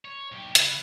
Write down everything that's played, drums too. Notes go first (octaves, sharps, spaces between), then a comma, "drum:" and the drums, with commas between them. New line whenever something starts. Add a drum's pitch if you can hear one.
C#5
B1 G4
C#3 B4, drum: hi-hat